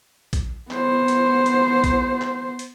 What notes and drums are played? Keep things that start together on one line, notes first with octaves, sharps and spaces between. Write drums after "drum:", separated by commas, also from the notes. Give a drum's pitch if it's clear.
drum: kick A#1, hi-hat
B3 C5, drum: clap
drum: hi-hat
drum: hi-hat
drum: kick A#1, hi-hat
drum: clap
drum: hi-hat